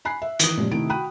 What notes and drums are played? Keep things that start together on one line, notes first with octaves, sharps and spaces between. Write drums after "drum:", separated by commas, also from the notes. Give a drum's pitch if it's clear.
G#5 B5 F#6 C7
E5
D#3 E3 D#6, drum: hi-hat
A#2 C#3 F3 G3 G#3
C3 D#3 A3 E4 D7
F#4 G5 B5 F#6 D#7